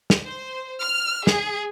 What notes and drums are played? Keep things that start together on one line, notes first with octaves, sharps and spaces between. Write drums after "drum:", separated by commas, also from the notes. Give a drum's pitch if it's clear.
drum: snare
C5
F6
G#4, drum: snare